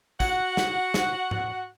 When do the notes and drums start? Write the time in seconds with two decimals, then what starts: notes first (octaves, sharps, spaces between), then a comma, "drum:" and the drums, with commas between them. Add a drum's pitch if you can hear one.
0.20 F#4 F#5, drum: kick, tambourine
0.57 drum: snare
0.94 drum: snare
1.31 drum: tom G#2